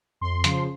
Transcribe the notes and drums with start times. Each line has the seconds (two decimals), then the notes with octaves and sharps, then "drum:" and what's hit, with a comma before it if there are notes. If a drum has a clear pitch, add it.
0.21 F2 C6
0.44 C#3 F3, drum: hi-hat